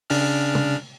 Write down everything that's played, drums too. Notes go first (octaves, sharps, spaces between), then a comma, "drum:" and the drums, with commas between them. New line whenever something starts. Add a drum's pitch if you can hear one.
C#3 D4 F6, drum: open hi-hat
drum: tom